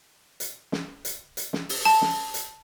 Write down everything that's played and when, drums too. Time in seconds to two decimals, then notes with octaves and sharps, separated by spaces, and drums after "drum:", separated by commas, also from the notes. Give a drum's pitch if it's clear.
0.40 drum: hi-hat
0.72 drum: snare
1.05 drum: hi-hat
1.37 drum: hi-hat
1.53 drum: snare
1.69 drum: open hi-hat
1.85 A5
2.02 drum: snare
2.34 drum: hi-hat